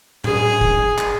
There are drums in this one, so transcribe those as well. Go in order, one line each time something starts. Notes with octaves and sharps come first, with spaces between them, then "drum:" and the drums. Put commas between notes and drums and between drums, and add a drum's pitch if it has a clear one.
G#4, drum: tom A2
drum: kick
drum: clap